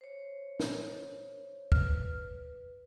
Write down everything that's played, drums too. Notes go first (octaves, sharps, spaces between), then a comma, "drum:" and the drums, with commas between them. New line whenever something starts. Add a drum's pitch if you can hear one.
C5 C#5
drum: snare
B4 F6, drum: kick